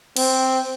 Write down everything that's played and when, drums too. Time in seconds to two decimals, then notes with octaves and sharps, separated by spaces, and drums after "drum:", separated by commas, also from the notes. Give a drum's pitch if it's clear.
0.17 C4, drum: cymbal